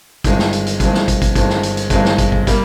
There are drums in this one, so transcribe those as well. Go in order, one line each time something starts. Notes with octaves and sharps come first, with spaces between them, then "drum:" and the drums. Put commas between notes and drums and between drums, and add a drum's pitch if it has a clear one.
G1 G2 D#3 G#3 C4, drum: kick, hi-hat
drum: snare
drum: hi-hat
drum: hi-hat
G1 G2 D#3 G#3 C4, drum: kick, hi-hat
drum: snare
drum: kick, hi-hat
drum: kick, hi-hat
G1 G2 D#3 G#3 C4, drum: kick, hi-hat
drum: snare
drum: hi-hat
drum: hi-hat
G1 G2 D#3 G#3 C4, drum: kick, hi-hat
drum: snare
drum: kick, hi-hat
drum: kick
G3 A#3, drum: kick, hi-hat